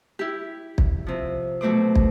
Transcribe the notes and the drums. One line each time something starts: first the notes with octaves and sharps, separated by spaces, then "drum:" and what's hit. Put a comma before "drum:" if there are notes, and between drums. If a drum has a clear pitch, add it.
E4 G4
drum: kick
C3 F3
B2 F#3 A3 C5 D6
drum: kick